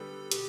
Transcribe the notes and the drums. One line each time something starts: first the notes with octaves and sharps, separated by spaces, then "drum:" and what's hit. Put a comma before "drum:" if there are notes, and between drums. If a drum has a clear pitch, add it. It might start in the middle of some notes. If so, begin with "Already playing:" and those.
Already playing: D3 G3 B3 A4
B2 G4, drum: hi-hat